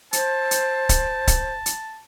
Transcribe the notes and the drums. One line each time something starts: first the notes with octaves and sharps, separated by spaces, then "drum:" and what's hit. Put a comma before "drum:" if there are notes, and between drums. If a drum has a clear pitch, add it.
C5 A5, drum: hi-hat
drum: hi-hat
drum: kick C#1, hi-hat
drum: kick C#1, hi-hat
drum: hi-hat